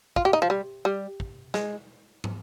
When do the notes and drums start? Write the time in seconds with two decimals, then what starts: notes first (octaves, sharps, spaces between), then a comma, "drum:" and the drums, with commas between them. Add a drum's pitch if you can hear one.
0.16 F4, drum: kick
0.25 G4
0.33 D#4
0.42 F3
0.50 G3
0.85 G3
1.20 drum: kick
1.54 G#3, drum: snare
2.24 drum: tom